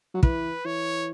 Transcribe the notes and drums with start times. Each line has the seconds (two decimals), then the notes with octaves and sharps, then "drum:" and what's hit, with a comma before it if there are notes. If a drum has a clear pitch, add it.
0.14 F#3
0.23 E3 B4, drum: kick
0.65 E3 C#5